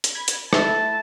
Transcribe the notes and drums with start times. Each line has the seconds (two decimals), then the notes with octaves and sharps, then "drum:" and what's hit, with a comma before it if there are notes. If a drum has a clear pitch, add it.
0.04 drum: hi-hat
0.15 B5 G#6
0.28 drum: hi-hat
0.53 A3 E4 E5 A5, drum: rim click